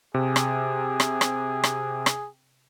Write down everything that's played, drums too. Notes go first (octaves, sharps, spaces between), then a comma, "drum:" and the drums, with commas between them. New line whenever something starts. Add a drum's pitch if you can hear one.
C3 G#4
drum: rim click
drum: rim click
drum: rim click
drum: rim click
drum: rim click